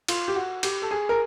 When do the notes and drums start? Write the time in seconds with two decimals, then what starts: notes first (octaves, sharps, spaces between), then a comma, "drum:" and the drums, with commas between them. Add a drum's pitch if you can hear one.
0.08 F4, drum: cymbal
0.28 G4
0.36 F#4
0.63 G4, drum: cymbal
0.82 A4
0.91 G#4
1.09 A#4